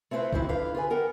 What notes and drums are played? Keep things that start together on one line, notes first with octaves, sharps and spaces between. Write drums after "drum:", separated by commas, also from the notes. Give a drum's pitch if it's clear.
A3 C4 E4 G#4 B4 C5
D#3 E3 F#3 C4 E4, drum: kick B1
D3 D4 F4 B4 F5
F4 G#4 B4 G#5
B3 A#4 F#5 G5